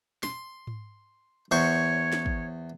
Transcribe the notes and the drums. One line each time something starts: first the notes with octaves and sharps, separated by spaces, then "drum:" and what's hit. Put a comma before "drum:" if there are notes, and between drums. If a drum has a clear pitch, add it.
C6, drum: snare
drum: tom G#2
E2 C5 C#5 C#6
drum: snare
drum: kick